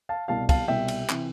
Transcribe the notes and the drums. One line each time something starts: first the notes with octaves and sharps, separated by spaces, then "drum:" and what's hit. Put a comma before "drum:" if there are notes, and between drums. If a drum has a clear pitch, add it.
F5 A5
C2 B2 G3 F5 A5
F5 A5, drum: kick, cymbal
C2 B2 G3 E5 G5
drum: cymbal
C3 E3, drum: clap